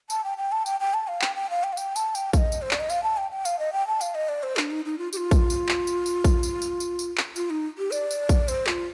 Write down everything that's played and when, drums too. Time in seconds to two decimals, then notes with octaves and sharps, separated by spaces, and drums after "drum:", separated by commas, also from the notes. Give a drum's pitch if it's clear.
0.10 A5, drum: tambourine
0.24 G5
0.38 G5
0.52 A5
0.66 G5, drum: tambourine
0.80 G5
0.94 A5
1.08 F5
1.22 G5, drum: clap
1.36 G5
1.50 F5
1.64 G5
1.73 F5
1.77 G5, drum: tambourine
1.96 A5, drum: tambourine
2.15 G5, drum: tambourine
2.33 F5, drum: kick A#1, tambourine
2.37 D#5
2.52 drum: tambourine
2.62 C5
2.71 D5, drum: clap
2.80 D#5
2.90 F5, drum: tambourine
3.03 A5
3.17 G5
3.31 G5
3.45 F5, drum: tambourine
3.59 D#5
3.73 G5
3.87 A5
4.01 F5, drum: tambourine
4.15 D#5
4.29 D5
4.43 C5
4.57 D4, drum: clap
4.71 D#4
4.85 D#4
4.98 F4
5.13 G4, drum: tambourine
5.17 F4
5.31 drum: kick A#1, tambourine
5.50 drum: tambourine
5.69 drum: clap
5.87 drum: tambourine
6.06 drum: tambourine
6.24 drum: kick A#1, tambourine
6.43 drum: tambourine
6.62 drum: tambourine
6.80 drum: tambourine
6.99 drum: tambourine
7.18 drum: clap
7.36 F4, drum: tambourine
7.50 D#4
7.78 G4
7.92 D5, drum: tambourine
8.11 drum: tambourine
8.29 drum: kick A#1, tambourine
8.48 C5, drum: tambourine
8.67 F4, drum: clap